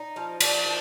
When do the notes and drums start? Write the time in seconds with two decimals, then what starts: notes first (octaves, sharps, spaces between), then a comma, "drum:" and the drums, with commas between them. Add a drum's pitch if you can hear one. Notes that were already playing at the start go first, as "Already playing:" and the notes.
Already playing: D#4
0.16 F3 F5
0.41 F3 D5, drum: cymbal
0.65 F3